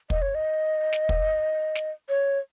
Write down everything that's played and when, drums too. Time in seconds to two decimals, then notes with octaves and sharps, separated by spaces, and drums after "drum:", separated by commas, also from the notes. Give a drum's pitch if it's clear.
0.10 D#5, drum: kick
0.22 C#5
0.35 D#5
0.93 drum: snare
1.09 drum: kick
1.75 drum: snare
2.09 C#5